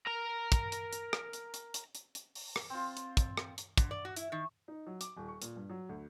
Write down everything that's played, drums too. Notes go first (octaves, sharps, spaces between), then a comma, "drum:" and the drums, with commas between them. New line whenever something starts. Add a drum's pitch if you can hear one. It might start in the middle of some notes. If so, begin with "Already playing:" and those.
A#4 A#5
drum: kick, hi-hat
drum: hi-hat
drum: hi-hat
drum: rim click
drum: hi-hat
drum: hi-hat
drum: hi-hat
drum: hi-hat
drum: hi-hat
drum: open hi-hat
drum: rim click
C4 F4
drum: hi-hat
drum: kick, hi-hat
drum: rim click
drum: hi-hat
D3, drum: kick, hi-hat
D5
F#4
E4, drum: hi-hat
D#3
D#4
F#3
D6, drum: hi-hat
D#1
C#6
A#2, drum: hi-hat
G2
F#3
D2